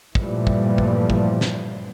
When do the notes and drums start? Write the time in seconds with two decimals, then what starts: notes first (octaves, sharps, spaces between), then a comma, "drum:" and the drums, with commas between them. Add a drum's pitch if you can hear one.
0.15 G2 A#2 E3 F3 G3 A3, drum: kick
0.47 drum: kick
0.78 drum: kick
1.10 drum: kick
1.41 drum: snare